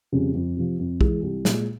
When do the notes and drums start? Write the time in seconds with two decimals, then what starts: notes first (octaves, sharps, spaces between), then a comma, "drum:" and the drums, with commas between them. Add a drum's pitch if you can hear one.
0.12 F2 C#3 G3
0.34 F2
0.57 C3 F3
0.79 F2
1.01 E3 G#3, drum: kick B1
1.23 C2
1.45 A#2 G#3, drum: snare